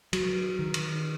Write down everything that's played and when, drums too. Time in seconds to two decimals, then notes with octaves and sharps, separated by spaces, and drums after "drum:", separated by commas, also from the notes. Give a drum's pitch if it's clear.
0.13 F#3, drum: cymbal
0.59 D#3
0.74 drum: cymbal